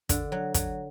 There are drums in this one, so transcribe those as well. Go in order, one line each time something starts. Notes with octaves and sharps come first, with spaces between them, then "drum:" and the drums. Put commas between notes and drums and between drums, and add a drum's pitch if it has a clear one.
D3, drum: kick, hi-hat
F#3
F#3, drum: kick, hi-hat